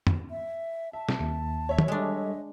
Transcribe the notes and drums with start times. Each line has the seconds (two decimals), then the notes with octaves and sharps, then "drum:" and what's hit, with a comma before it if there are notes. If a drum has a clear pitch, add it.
0.07 drum: tom F2
0.31 E5
0.93 E5 A5
1.09 drum: snare
1.20 D#2
1.69 C#5 E5
1.79 drum: tom
1.88 G3 G#3 D4 A4 D#5